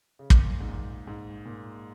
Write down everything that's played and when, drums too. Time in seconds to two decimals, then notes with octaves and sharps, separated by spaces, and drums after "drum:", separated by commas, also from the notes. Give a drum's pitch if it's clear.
0.19 C#3
0.30 A#2, drum: kick
0.60 G#2
0.69 A#2
1.07 G#2
1.46 A#2